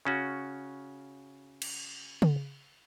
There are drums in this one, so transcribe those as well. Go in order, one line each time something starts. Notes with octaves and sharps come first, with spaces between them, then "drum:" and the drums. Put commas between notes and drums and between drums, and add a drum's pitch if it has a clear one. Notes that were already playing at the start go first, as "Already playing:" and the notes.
C#3 C#4 F#4
drum: cymbal
drum: tom C#3